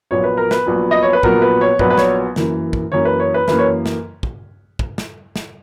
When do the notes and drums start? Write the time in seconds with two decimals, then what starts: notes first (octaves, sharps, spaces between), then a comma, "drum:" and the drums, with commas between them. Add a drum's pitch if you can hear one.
0.11 A#1 A#2 F#3 B3 C#5
0.24 B4
0.37 A#4
0.51 B4, drum: snare
0.66 A#1 A#2 F#3 B3
0.91 D#5
1.03 C#5
1.13 B4
1.23 A#1 A#2 F#3 B3 A#4, drum: kick
1.42 B4
1.61 C#5
1.79 A#1 A#2 F#3 B3 B4, drum: kick
1.90 B4
1.98 C#5, drum: snare
2.36 F#2 E3 A#3, drum: snare
2.73 drum: kick
2.92 F#2 E3 A#3 C#5
3.05 B4
3.20 C#5
3.34 B4
3.48 F#2 E3 A#3 B4, drum: snare
3.58 C#5
3.86 drum: snare
4.23 drum: kick
4.79 drum: kick
4.98 drum: snare
5.36 drum: snare